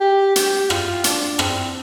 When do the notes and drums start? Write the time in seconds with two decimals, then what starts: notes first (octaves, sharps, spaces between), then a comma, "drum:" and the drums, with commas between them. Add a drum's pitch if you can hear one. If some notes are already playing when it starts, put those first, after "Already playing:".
0.01 G4
0.36 G4, drum: hi-hat
0.70 F4, drum: rim click
1.04 D4, drum: hi-hat
1.39 C4, drum: rim click